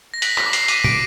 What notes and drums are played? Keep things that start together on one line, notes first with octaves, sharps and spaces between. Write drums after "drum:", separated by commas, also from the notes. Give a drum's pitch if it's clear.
A#6
F#6 B6, drum: hi-hat
B6, drum: clap
D6
C7, drum: hi-hat
D6 D#7, drum: hi-hat
D7, drum: tom